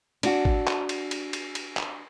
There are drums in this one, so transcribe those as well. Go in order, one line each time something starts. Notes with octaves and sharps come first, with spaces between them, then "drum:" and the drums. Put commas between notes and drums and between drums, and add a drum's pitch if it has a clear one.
D4 F#4, drum: cymbal
drum: kick
drum: clap
drum: cymbal
drum: cymbal
drum: cymbal
drum: cymbal
drum: clap